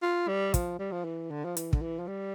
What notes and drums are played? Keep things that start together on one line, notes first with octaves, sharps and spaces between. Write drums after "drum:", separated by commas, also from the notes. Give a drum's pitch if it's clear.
F4
G3
F3, drum: kick, hi-hat
G3
F3
E3
D3
F3
E3, drum: hi-hat
D3, drum: kick
E3
F3
G3